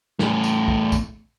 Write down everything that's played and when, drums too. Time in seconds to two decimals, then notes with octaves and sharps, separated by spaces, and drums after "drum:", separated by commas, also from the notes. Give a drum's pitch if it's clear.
0.19 E2 A2, drum: snare
0.44 drum: tambourine
0.68 drum: kick
0.92 drum: kick, tambourine